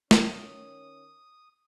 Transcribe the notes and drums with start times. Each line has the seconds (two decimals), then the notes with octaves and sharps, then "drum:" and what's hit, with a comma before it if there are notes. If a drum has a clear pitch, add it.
0.11 D#3 C#4 D#6, drum: snare